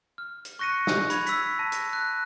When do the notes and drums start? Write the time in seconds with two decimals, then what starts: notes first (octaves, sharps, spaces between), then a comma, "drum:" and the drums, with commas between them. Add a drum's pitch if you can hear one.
0.18 F6
0.45 drum: hi-hat
0.59 C#6 F#6 A#6 C#7 D#7
0.87 drum: snare
1.10 B5 G#6 F7, drum: hi-hat
1.27 E6 B6, drum: hi-hat
1.59 A5 A#6 D#7
1.72 drum: hi-hat
1.93 F#6